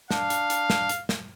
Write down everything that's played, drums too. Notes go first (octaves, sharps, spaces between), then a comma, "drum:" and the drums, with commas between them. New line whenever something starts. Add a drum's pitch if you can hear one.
D4 F5, drum: snare
drum: hi-hat
drum: hi-hat
drum: snare
drum: hi-hat
drum: snare